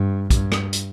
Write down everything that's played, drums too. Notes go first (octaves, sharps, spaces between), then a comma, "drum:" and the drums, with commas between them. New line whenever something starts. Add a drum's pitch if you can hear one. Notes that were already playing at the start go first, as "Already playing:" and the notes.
Already playing: G2
G2, drum: kick, hi-hat
drum: rim click
drum: hi-hat